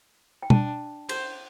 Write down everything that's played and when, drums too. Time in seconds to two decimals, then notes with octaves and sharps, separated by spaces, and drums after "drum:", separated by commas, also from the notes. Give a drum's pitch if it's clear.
0.43 G5
0.50 D4 A5, drum: tom B2
1.09 C5, drum: cymbal